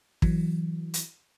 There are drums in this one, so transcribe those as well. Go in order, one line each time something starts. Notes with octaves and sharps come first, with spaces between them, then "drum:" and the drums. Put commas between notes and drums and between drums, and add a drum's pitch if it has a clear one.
E3 F#3, drum: kick
drum: hi-hat